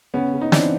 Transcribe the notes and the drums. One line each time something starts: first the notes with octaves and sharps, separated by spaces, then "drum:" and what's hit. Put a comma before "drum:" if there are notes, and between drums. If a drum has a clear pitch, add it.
C#3 B3 C#4
C#3
D#4
E3 C4 D4, drum: snare